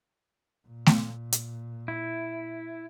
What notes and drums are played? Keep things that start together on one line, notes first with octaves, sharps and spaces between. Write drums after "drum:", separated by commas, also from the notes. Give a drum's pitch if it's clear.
A#2
drum: snare A3
drum: hi-hat
E4